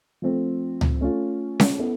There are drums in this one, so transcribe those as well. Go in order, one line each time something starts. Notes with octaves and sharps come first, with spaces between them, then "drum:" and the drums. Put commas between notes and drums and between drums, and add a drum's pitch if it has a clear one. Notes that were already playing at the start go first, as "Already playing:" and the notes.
F3 A3 C4
drum: tom C#2
A3 C#4 F4
drum: snare C#4
B3 E4 A4